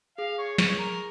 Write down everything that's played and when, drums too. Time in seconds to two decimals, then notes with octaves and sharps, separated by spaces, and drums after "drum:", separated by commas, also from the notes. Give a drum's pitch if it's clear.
0.18 G#4 F5
0.38 C#5
0.58 C#5, drum: snare
0.79 A#4